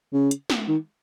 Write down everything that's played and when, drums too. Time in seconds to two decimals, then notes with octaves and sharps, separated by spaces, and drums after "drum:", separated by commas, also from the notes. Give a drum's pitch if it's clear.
0.13 C#3
0.31 drum: hi-hat
0.50 drum: snare
0.68 D#3